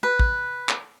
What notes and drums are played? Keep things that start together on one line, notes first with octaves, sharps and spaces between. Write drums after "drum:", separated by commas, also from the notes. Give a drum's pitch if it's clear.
B4
drum: kick
drum: clap